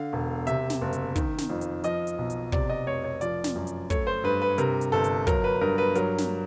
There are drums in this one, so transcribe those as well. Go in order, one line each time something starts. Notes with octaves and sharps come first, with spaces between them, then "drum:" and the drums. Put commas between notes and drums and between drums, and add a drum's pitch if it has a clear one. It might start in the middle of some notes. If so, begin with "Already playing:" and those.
Already playing: D3 F5
E1
C3 E5, drum: hi-hat
drum: snare
F#1
drum: hi-hat
D#3, drum: kick, hi-hat
drum: snare
F2
drum: hi-hat
F3 D#5, drum: hi-hat
drum: hi-hat
B1
drum: hi-hat
C3 D5, drum: kick
D#5
F1 C#5
C#5
F3 D5, drum: hi-hat
drum: snare
F#2
drum: hi-hat
A3 C#5, drum: kick, hi-hat
C5
G2 B4
B4
C3 A#4, drum: hi-hat
drum: hi-hat
G1 A4
drum: hi-hat
F#3 A#4, drum: kick, hi-hat
B4
G2 A#4
B4
F#3 A#4, drum: hi-hat
drum: snare